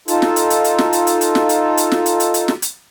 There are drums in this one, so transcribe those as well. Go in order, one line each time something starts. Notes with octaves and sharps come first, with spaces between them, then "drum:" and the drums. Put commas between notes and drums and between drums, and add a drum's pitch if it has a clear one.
D#4 F4 A4, drum: hi-hat
drum: snare
drum: hi-hat
drum: hi-hat
drum: hi-hat
drum: snare
drum: hi-hat
drum: hi-hat
drum: hi-hat
drum: snare
drum: hi-hat
drum: hi-hat
drum: snare
drum: hi-hat
drum: hi-hat
drum: hi-hat
drum: snare
drum: hi-hat